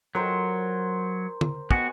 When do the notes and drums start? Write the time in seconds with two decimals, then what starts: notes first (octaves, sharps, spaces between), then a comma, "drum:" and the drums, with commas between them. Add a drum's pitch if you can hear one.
0.15 F#3 A#4 C5 A#5
1.41 drum: tom
1.71 B3 F#4 G#5, drum: kick